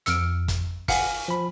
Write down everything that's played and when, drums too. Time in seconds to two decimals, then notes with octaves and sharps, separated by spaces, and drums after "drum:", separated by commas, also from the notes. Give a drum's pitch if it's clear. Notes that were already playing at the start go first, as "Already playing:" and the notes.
0.06 F2 E6 F6 C#7 D7, drum: hi-hat
0.48 drum: kick, hi-hat
0.88 F5 F#5 G#5 F6, drum: kick, open hi-hat
1.28 F3 B5